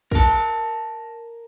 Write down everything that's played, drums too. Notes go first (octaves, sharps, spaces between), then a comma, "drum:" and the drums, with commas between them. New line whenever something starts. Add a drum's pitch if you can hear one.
A#4 A5, drum: kick